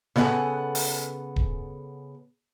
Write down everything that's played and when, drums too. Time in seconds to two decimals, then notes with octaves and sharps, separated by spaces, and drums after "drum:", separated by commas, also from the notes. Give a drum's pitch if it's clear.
0.16 C#3 B3 A4 D#5 F#5 G#5, drum: snare
0.75 drum: open hi-hat
1.36 drum: kick D#1